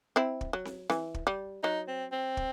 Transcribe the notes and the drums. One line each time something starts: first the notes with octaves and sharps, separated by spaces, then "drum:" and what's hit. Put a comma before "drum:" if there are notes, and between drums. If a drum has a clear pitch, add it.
C4 E4
drum: kick
F#3
drum: snare C4
E3, drum: snare C4
drum: kick
G3
F#3 D#4
C4
C4
drum: kick